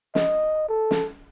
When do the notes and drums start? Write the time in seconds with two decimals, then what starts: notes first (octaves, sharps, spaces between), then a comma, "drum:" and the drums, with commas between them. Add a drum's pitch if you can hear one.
0.15 D#5, drum: snare
0.69 A4
0.91 drum: snare